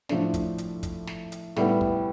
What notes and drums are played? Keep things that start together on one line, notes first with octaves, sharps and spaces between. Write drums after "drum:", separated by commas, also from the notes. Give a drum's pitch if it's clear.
A2 F3 A3 D4, drum: snare
drum: kick, hi-hat
drum: hi-hat
drum: kick, hi-hat
drum: snare
drum: hi-hat
A2 G3 B3, drum: snare
drum: kick